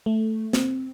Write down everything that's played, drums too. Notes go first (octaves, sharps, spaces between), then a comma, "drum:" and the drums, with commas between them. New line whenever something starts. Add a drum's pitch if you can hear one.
A3
C4, drum: snare